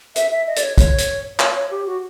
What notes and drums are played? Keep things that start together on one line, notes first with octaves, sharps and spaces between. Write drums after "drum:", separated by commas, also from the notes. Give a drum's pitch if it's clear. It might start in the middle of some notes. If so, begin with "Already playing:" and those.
E5, drum: hi-hat
E5
D#5
D5, drum: hi-hat
C#5
C#5, drum: kick, hi-hat
drum: hi-hat
C#5, drum: clap
C#5
G4
F#4